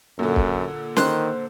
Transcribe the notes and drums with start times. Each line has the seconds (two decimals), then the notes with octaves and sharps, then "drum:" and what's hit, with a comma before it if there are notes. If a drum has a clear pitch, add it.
0.19 F#2 A#2 D3
0.36 drum: kick
0.96 D#3 C5 F#6, drum: snare